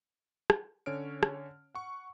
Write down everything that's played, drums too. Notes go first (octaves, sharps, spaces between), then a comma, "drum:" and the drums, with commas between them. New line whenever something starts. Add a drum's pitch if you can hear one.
drum: rim click
D3 C#4 C#5 F6 D7
drum: rim click
F#5 C#6